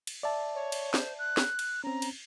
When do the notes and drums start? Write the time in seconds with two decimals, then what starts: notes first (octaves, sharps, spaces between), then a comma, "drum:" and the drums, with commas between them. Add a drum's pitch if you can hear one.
0.07 drum: cymbal
0.23 D5 E5 A5
0.55 C#5
0.72 drum: cymbal
0.94 C5, drum: snare
1.19 F#6
1.37 drum: snare
1.59 drum: cymbal
1.84 C4 C#4 A#5
2.02 drum: cymbal